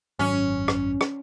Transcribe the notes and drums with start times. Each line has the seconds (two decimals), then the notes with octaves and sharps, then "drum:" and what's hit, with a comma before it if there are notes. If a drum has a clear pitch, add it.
0.19 G#1 F#2 C#4
0.68 drum: rim click
1.01 drum: rim click